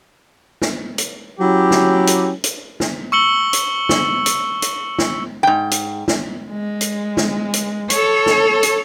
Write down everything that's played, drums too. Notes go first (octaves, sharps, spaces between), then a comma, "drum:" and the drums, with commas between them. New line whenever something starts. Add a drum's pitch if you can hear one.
drum: snare
drum: hi-hat
F#3 C#4 E4 G4
drum: snare
drum: hi-hat
drum: hi-hat
drum: snare
C#6 E6 C#7 F#7 G7
drum: hi-hat
drum: snare
drum: hi-hat
drum: hi-hat
drum: snare
G#2 G5
drum: hi-hat
drum: snare
G#3
drum: hi-hat
drum: snare
drum: hi-hat
A4 C#5, drum: hi-hat
drum: snare
drum: hi-hat